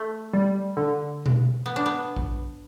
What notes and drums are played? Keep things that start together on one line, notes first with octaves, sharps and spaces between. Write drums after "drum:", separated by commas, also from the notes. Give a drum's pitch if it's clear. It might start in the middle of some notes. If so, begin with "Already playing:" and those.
Already playing: A3
G3
D3
drum: tom B2
B3
D4
B3
drum: kick